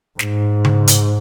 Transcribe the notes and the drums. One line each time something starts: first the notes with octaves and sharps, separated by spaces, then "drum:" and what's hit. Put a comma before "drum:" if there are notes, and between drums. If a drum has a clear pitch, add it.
G#2, drum: snare
drum: tom C#3
drum: hi-hat